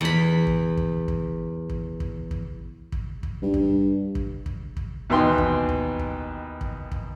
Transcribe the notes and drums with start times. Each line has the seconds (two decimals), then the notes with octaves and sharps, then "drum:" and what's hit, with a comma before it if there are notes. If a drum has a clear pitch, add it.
0.01 E2 B5
0.47 drum: kick
0.77 drum: kick
1.08 drum: kick
1.70 drum: kick
2.00 drum: kick
2.31 drum: kick
2.92 drum: kick
3.23 drum: kick
3.42 G2
3.54 drum: kick
4.15 drum: kick
4.46 drum: kick
4.77 drum: kick
5.10 D#2 B2 E3 G5 C6
5.38 drum: kick
5.69 drum: kick
5.99 drum: kick
6.61 drum: kick
6.92 drum: kick